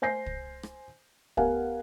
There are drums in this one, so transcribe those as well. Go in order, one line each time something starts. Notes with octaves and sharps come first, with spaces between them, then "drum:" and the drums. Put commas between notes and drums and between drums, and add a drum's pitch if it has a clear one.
C5 G#5 G6 A#6 C7
drum: kick
drum: rim click
B3 G4 A#4 F5 F#5 G#5, drum: kick